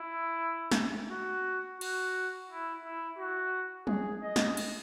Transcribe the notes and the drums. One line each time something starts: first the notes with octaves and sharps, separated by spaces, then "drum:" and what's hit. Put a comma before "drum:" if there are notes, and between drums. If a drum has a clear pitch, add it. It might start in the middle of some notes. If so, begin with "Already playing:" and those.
Already playing: E4
drum: snare
F#4
F#4, drum: cymbal
E4
E4
F#4
G#4, drum: tom
D#5
drum: snare
drum: cymbal